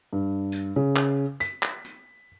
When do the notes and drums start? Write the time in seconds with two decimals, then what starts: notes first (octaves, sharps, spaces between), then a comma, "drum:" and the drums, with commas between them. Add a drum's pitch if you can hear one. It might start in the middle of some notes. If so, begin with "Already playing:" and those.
0.13 G2
0.52 drum: hi-hat
0.76 C#3
0.96 drum: clap
1.40 B6, drum: hi-hat
1.62 drum: clap
1.85 drum: hi-hat